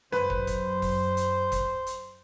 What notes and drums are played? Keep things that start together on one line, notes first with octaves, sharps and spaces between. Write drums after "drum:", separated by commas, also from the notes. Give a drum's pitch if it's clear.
F#2 B4 C5, drum: snare
drum: kick
drum: kick, hi-hat
drum: kick, open hi-hat
drum: hi-hat
drum: kick, hi-hat
drum: hi-hat